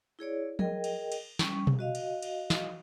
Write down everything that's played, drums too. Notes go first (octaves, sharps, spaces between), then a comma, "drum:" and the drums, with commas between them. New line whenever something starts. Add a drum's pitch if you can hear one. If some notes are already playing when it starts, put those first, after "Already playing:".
E4 G#4 C#5 D5
G#4 A#4 D#5 G5, drum: tom F3
drum: cymbal
drum: cymbal
G3 C#4 C#6, drum: snare
drum: tom B2
F#4 D#5 F5
drum: cymbal
drum: cymbal
drum: snare